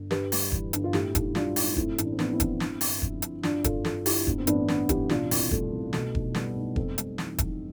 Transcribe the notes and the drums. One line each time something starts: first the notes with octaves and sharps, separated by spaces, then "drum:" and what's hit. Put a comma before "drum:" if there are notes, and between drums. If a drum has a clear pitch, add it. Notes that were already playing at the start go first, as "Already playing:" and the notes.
Already playing: G1
G2 G4 B4, drum: snare
G3, drum: open hi-hat
E3, drum: kick E1
G1, drum: hi-hat
F4
A2 E4 G4, drum: snare
B1, drum: kick E1, hi-hat
G3 D4 F4, drum: snare
B1, drum: open hi-hat
A2 C4 E4, drum: kick E1
A1, drum: hi-hat
D4
C4
F3 B3 D4, drum: snare
C4 E4
A1, drum: kick E1, hi-hat
G2, drum: snare
G1, drum: open hi-hat
F3, drum: kick E1
G1, drum: hi-hat
G2 D4 F4, drum: snare
G1 F4 A4, drum: kick E1, hi-hat
D3 F4 A4, drum: snare
G1 E4 G4, drum: open hi-hat
G2 B3, drum: kick E1
C4
A1 B3 D4, drum: hi-hat
D3 B3, drum: snare
A1 E4 G4, drum: kick E1, hi-hat
B2 D4 F4, drum: snare
C2, drum: open hi-hat
G3 A3, drum: kick E1
C2
B2 A3, drum: snare
B1, drum: kick E1
G3 B3, drum: snare
B1
F2 A3 C4, drum: kick E1
G3, drum: hi-hat
E3, drum: snare
F1, drum: kick E1, hi-hat